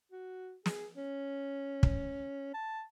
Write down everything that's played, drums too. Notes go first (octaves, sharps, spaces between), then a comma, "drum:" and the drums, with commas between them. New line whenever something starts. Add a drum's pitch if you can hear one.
F#4
G#4, drum: snare
C#4
drum: kick
A5